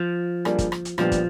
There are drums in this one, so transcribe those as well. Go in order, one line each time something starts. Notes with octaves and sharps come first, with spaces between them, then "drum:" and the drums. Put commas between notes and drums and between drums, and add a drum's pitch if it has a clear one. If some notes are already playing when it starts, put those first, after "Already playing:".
Already playing: F3
G3 A#3 D4 F4 G#4, drum: rim click
drum: kick, hi-hat
drum: rim click
drum: hi-hat
A#2 F3 G3 B3 D4 G4, drum: rim click
drum: kick, hi-hat